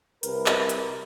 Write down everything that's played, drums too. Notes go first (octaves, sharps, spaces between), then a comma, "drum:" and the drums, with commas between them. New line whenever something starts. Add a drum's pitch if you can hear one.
C2 A#4 B4, drum: hi-hat
drum: clap
drum: hi-hat